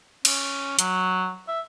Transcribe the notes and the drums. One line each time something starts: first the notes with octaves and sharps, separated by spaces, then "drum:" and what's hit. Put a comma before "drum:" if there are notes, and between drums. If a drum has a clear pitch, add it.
C#4, drum: cymbal
F#3, drum: hi-hat
E5